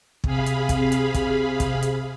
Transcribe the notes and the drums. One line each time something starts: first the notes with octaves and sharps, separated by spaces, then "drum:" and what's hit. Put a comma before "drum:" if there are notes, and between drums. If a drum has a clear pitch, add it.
C3 G#4 F5 B5, drum: kick
drum: hi-hat
drum: kick, hi-hat
drum: hi-hat
drum: kick, hi-hat
drum: kick, hi-hat
drum: hi-hat